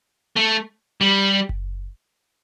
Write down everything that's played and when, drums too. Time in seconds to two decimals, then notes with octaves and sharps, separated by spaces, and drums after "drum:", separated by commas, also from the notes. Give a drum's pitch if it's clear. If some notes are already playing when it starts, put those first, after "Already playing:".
0.36 A3
1.01 G3
1.49 drum: kick F#1